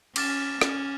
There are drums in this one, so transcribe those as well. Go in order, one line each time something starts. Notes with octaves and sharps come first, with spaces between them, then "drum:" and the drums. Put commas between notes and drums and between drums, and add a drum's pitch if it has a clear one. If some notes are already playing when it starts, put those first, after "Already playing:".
C#4 D6 F6 A6 E7, drum: cymbal
C#4, drum: rim click